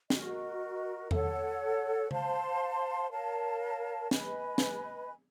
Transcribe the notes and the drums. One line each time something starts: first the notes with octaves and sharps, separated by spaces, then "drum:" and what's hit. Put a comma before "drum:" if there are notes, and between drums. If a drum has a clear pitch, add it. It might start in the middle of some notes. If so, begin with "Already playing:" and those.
F#4 A#4 D#5, drum: snare
A4 C#5 F#5, drum: tom E2
C5 F5 A5 C6, drum: tom C#3
A#4 C#5 F5 A5
B4 D#5 G#5 B5, drum: snare
drum: snare